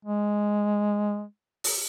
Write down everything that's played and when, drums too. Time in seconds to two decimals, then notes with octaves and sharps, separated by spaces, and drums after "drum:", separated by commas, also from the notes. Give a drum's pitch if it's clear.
0.05 G#3
1.64 drum: open hi-hat